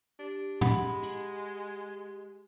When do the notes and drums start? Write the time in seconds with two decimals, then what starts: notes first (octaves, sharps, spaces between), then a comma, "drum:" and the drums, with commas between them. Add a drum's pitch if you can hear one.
0.19 D4 G4
0.61 G#3 F#5 B5, drum: tom
1.03 drum: hi-hat